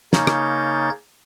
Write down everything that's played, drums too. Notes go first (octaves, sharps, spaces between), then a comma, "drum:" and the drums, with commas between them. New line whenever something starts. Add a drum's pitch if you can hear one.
C#3 A#3 D#4 C#5 G6 A6, drum: snare
drum: rim click